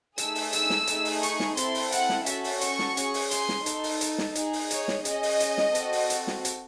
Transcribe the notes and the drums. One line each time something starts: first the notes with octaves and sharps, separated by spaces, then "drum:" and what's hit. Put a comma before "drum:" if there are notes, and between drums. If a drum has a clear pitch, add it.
A3 D#4 G#4 E6, drum: hi-hat
drum: open hi-hat
E6, drum: hi-hat
drum: snare
A3 D#4 G#4, drum: hi-hat
drum: open hi-hat
C#6, drum: hi-hat
drum: snare
C4 E4 A4 C6, drum: hi-hat
drum: open hi-hat
F#5, drum: hi-hat
drum: snare
C#4 F#4 A4 E5, drum: hi-hat
drum: open hi-hat
C#6, drum: hi-hat
drum: snare
C#4 G#4, drum: hi-hat
drum: open hi-hat
C6, drum: hi-hat
drum: snare
D#4 A4, drum: hi-hat
drum: open hi-hat
drum: hi-hat
drum: snare
D#4 G#4, drum: hi-hat
drum: open hi-hat
C#5, drum: hi-hat
drum: snare
C#4 G#4 D#5, drum: hi-hat
drum: open hi-hat
drum: hi-hat
drum: snare
C4 F#4 A4, drum: hi-hat
drum: open hi-hat
drum: hi-hat
drum: snare
drum: hi-hat